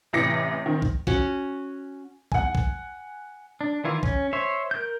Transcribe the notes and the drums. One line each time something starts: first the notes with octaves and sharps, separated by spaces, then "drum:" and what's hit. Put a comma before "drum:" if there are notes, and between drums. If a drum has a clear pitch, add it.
A1 C3 E3 D6 A#6 C#7
D#3 C4
drum: kick B1
C#4 F#4, drum: kick B1
F#5 G#5, drum: kick B1
drum: kick B1
D4
D#3 E3 E4 F4
C#4, drum: kick B1
C5 C#5 E5
A#4 G6